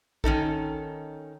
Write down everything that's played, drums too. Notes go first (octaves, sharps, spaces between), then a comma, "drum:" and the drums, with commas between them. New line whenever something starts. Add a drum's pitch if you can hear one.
D#3 C#4 D#4 A4, drum: kick A1